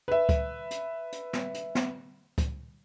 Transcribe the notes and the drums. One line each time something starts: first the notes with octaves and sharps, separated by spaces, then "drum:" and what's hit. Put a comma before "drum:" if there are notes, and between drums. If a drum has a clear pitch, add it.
B4 E5
drum: kick C#2, hi-hat
drum: hi-hat
drum: hi-hat
drum: snare
drum: hi-hat
drum: snare
drum: kick C#2, hi-hat